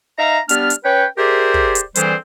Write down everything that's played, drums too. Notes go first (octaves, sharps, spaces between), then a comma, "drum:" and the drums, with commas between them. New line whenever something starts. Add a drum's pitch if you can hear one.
D#4 E5 F5 A#5
G3 B3 D4 F6, drum: hi-hat
drum: hi-hat
C#4 B4 C#5 G5
G4 G#4 A#4 C5 D5 E5
drum: kick
drum: hi-hat
D3 E3 G3 C4 G#4 C5, drum: hi-hat